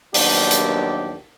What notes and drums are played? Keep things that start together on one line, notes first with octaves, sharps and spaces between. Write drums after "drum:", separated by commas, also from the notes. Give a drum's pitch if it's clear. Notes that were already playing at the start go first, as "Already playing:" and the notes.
A#1 D#2 F#3 B3 D4 G4, drum: open hi-hat
drum: hi-hat